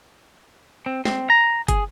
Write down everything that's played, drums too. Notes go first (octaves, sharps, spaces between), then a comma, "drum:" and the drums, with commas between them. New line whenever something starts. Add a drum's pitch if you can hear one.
C4
C4, drum: snare
A#5
G#4, drum: kick, hi-hat